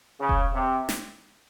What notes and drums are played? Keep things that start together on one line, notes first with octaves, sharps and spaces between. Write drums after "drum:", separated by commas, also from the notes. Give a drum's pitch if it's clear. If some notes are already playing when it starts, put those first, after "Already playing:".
C#3
drum: kick E1
C3
drum: snare